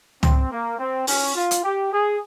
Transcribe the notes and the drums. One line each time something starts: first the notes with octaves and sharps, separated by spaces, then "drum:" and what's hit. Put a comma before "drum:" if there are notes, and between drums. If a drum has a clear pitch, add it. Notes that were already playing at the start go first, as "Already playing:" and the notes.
C4, drum: tom
A#3
C4
C#4, drum: open hi-hat
F4
drum: hi-hat
G4
G#4